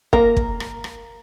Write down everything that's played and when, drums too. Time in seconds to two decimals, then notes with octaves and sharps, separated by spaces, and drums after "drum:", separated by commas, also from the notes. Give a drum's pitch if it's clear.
0.13 A#3 A#4, drum: kick
0.37 drum: kick
0.60 drum: rim click
0.84 drum: rim click